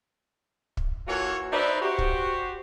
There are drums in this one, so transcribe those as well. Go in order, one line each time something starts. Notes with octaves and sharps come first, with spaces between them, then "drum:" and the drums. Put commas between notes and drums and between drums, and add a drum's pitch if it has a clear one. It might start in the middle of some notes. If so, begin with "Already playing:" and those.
drum: kick
E3 A#3 F4 F#4 A4 C#5
D#4 B4 C5 D5 E5
F#4 G4 C5
drum: kick